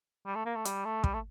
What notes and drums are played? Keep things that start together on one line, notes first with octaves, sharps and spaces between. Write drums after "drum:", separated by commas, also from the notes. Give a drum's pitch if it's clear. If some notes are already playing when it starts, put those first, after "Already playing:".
G3
A3
A#3
A3
G3, drum: hi-hat
A3
G3, drum: kick
A3